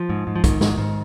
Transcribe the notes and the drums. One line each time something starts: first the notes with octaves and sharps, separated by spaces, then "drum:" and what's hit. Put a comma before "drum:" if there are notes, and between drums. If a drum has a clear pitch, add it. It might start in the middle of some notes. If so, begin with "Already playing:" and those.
Already playing: F3
G#2
G#2
F3
G#2 D#3, drum: kick, hi-hat
G#2, drum: snare
G#2